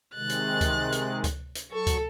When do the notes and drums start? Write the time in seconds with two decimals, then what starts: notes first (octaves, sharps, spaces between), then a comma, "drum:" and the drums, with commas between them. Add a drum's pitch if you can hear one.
0.15 C3 D#3 G#3 F#6 A6
0.29 drum: hi-hat
0.61 drum: kick C#2, hi-hat
0.92 drum: hi-hat
1.24 drum: kick C#2, hi-hat
1.55 drum: hi-hat
1.71 F#3 A4 C#6
1.87 drum: kick C#2, hi-hat